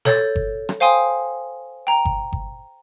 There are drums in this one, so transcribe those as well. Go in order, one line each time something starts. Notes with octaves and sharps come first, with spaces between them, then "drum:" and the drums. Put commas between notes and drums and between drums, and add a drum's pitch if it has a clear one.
A4 C#5 G6 A6, drum: snare
drum: kick G1
drum: rim click
C5 F5 G5 G#5 C6 D#6
G5 A#5
drum: kick G1
drum: kick G1